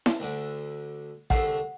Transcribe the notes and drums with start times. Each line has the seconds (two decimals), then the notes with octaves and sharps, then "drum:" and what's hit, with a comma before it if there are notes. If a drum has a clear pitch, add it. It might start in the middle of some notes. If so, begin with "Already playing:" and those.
0.06 drum: snare E4
0.20 D2 D3
1.30 C2 D3 A3 F#5, drum: kick